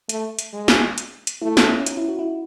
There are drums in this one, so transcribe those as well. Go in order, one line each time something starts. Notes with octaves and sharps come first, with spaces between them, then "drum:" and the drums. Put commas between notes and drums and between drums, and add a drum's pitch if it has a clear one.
A3, drum: hi-hat
drum: hi-hat
G#3
drum: snare
drum: hi-hat
drum: hi-hat
A3 E4
C#4, drum: snare
B3
C#4
D#4, drum: hi-hat
E4
F#4
E4